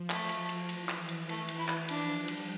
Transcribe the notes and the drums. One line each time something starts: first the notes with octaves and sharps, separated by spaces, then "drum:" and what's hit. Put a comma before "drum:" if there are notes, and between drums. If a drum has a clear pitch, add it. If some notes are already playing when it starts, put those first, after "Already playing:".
Already playing: F3
A3, drum: clap
drum: cymbal
drum: cymbal
E3, drum: cymbal
drum: clap
drum: cymbal
A3, drum: cymbal
drum: cymbal
E4
drum: clap
F3 D4, drum: cymbal
G3
drum: cymbal